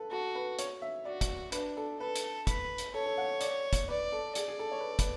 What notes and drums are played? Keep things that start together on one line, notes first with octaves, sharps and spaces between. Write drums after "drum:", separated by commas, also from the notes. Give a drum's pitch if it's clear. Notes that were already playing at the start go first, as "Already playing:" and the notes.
Already playing: A4 B4
F#4 A4
B4
C#5, drum: hi-hat
E5
F#4 D5
drum: kick, hi-hat
D4 B4, drum: hi-hat
A4
A4 B4
drum: hi-hat
B4, drum: kick, hi-hat
drum: hi-hat
A4 C#5
A4
F#5
D5, drum: hi-hat
drum: kick, hi-hat
B4 D5
A4
G#4 D5, drum: hi-hat
G#4
A4
C#5
B4
A4
B4, drum: kick, hi-hat